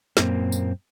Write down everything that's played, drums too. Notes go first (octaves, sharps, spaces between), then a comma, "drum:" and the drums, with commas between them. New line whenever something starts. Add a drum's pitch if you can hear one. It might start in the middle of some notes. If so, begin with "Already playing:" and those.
F#2 A#2 A#3 C4, drum: snare
drum: tambourine